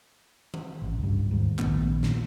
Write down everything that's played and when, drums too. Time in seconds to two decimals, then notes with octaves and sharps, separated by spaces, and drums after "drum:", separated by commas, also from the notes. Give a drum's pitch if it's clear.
0.54 drum: tom D#3
0.82 A1
0.98 C#2 G2
1.31 D#2 G#2
1.59 A#1 D#3 A3 B3, drum: clap
2.03 A#2, drum: snare